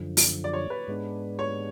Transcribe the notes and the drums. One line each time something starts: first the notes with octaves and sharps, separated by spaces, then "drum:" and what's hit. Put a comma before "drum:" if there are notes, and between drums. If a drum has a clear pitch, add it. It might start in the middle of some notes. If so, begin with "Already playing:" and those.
Already playing: F#2 D3 F3
drum: open hi-hat
D5
C#5
B4
G#2 G#3 B3 D4
C#5